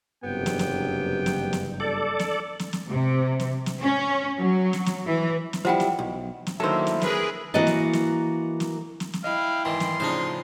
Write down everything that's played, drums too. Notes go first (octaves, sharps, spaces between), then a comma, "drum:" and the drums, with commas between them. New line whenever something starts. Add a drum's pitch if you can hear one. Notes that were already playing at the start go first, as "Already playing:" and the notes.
F#1 G2 C3 B3 G5
drum: snare
drum: snare
drum: snare
drum: snare
A4 D5
drum: snare
drum: snare
drum: snare
C3
drum: snare
drum: snare
C#4
F#3
drum: snare
drum: snare
E3
drum: snare
F3 G3 E4 C5 F#5 G5
drum: snare
B1
drum: snare
D3 D#3 F#3 A#3 E4 A4 C5 E5
drum: snare
G#4 A#4 B4, drum: snare
E3 A#3 F#4 A#4 D#5 A5
drum: snare
drum: snare
drum: snare
drum: snare
drum: snare
E4 D#5 F5 G5
G#1 D#3 E3 C6
drum: snare
A2 C#3 F3 D4 D#4 C5